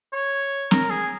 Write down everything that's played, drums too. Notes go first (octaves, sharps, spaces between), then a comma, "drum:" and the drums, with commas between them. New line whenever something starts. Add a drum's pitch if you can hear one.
C#5
A#4, drum: snare
G#4